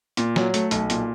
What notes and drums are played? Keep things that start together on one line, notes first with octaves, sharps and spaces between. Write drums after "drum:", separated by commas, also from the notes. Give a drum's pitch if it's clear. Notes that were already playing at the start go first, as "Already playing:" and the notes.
A#2, drum: hi-hat
F#3, drum: snare
A3, drum: hi-hat
B1, drum: hi-hat
A#2, drum: hi-hat